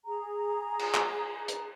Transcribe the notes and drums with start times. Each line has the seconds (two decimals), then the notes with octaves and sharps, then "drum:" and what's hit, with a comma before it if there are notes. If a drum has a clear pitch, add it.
0.05 G#4 A#5
0.79 drum: cymbal
0.94 drum: clap
1.48 drum: hi-hat